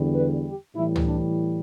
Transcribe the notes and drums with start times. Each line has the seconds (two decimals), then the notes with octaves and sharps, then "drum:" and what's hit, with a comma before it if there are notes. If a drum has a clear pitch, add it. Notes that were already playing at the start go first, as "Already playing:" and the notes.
Already playing: E2 D3 G3
0.16 B4
0.46 G4
0.76 A2 E3 G3 E4
0.96 drum: tom
1.06 D4